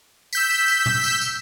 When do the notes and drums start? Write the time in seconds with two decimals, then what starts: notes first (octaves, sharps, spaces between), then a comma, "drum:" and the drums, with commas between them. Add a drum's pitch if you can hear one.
0.33 E6 G6 B6, drum: tambourine
0.50 drum: tambourine
0.68 drum: tambourine
0.86 drum: tom
1.04 drum: tambourine
1.21 drum: tambourine